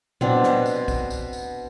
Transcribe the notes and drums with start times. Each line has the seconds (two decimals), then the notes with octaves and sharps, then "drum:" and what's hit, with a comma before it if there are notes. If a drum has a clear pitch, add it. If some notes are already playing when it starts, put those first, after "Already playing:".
0.21 B2 C4 D4, drum: tom A#2
0.43 drum: snare
0.66 drum: tambourine
0.88 drum: kick, tambourine
1.10 drum: tambourine
1.33 drum: tambourine